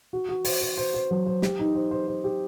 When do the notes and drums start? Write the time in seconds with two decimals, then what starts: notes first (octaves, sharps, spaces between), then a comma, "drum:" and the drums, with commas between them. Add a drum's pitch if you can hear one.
0.13 F#4
0.29 F#4
0.45 C5, drum: open hi-hat
0.61 C5
0.77 C5
0.94 C5
1.11 F#3
1.26 C5
1.42 G4, drum: snare
1.59 D#4
1.75 C5
1.91 C5
2.07 C5
2.24 G4